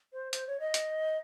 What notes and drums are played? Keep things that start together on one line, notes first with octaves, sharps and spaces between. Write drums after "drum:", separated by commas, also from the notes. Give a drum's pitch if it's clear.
C5
C5, drum: hi-hat
C#5
D#5
drum: hi-hat